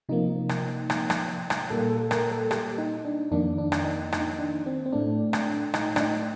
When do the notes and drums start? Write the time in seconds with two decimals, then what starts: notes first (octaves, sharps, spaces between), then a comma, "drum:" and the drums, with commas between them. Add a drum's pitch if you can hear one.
0.09 C3 F3 A#3 D#4
0.49 drum: rim click
0.90 drum: rim click
1.10 drum: rim click
1.50 drum: rim click
1.70 A#2 G3 A#3 A4
1.90 A4
2.11 A#4, drum: rim click
2.31 A4
2.51 G4, drum: rim click
2.78 D#4
3.05 D4
3.31 F2 D#3 A#3 D4
3.58 D4
3.72 drum: rim click
3.85 D#4
4.12 D#4, drum: rim click
4.39 D4
4.66 C4
4.86 C4
4.93 A2 A3 D4
5.33 drum: rim click
5.74 D#4, drum: rim click
5.96 D4, drum: rim click
6.00 D#4